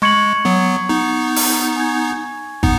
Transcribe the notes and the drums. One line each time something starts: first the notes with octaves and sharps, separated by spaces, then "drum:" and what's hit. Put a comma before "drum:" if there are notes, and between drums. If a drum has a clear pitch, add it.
G#3 C#6 G#6 C#7 F#7
F#3 B3
B3 D#4
drum: open hi-hat
G#5 C#6 G#6
B3 D#4, drum: kick